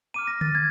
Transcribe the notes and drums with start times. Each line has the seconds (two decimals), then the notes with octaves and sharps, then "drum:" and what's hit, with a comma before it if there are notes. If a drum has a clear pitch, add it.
0.14 A#5 D6 F6 D#7
0.27 A#6
0.41 A6, drum: tom D3
0.55 G#6